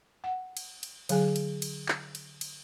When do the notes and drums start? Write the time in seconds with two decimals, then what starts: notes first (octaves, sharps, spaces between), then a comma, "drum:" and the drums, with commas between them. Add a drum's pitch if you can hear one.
0.24 F#5
0.57 drum: cymbal
0.83 drum: cymbal
1.09 D3 F#3 G#4 G#5, drum: cymbal
1.36 drum: cymbal
1.62 drum: cymbal
1.88 drum: clap
2.15 drum: cymbal
2.41 drum: cymbal